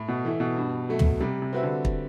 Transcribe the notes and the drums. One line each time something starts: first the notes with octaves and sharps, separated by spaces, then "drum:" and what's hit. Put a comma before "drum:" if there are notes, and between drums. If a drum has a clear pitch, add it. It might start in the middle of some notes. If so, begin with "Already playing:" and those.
Already playing: A2
B2
E3 A3 E4
B2
G2
F#3 A3
drum: tom
C3 G3
C3
C4 F#4 B4 E5
D3
drum: kick